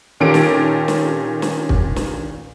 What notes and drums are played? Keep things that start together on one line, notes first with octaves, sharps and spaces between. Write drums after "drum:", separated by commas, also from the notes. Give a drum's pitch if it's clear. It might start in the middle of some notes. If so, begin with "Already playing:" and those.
A#2 D#3 C#4 G4 A4 D7
drum: snare
drum: snare
drum: snare
drum: kick
drum: snare